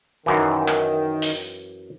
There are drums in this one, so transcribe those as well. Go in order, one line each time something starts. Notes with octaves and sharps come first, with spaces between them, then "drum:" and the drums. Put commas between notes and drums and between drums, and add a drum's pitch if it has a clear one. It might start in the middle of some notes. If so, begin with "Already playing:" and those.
F#2 D#3 E3
drum: clap
drum: open hi-hat